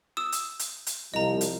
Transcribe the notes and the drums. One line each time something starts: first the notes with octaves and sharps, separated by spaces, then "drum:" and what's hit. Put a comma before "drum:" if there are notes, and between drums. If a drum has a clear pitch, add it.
D#6 E6 E7
drum: hi-hat
drum: hi-hat
drum: hi-hat
C2 F3 D#5 A#5
drum: hi-hat